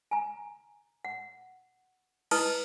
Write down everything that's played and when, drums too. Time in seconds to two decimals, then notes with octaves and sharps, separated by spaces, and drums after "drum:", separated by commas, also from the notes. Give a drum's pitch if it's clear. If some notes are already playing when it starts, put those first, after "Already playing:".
0.11 G#5 A#5
1.05 F#5
2.31 E4 B4 D#5 A5 D#6, drum: cymbal